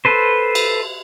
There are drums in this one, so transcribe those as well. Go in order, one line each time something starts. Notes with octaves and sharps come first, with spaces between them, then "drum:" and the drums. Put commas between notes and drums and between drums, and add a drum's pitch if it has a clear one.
A4 B4 C5
drum: cymbal